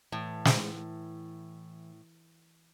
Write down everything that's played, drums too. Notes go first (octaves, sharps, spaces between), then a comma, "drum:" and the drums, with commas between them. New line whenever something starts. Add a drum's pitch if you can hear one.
A2 E3
drum: snare